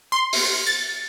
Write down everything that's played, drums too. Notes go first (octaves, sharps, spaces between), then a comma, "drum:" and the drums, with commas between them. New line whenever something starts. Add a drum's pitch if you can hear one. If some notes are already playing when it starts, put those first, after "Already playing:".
C6
drum: open hi-hat
A6